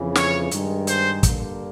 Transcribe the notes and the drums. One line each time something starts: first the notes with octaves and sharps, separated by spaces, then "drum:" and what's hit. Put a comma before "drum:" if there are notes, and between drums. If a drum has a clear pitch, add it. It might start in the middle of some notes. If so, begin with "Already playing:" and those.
Already playing: F2 C#3 E3
C#5, drum: snare
G2 D#3 G#3, drum: hi-hat
C5, drum: hi-hat
G2 D3 G3 A#3, drum: kick, hi-hat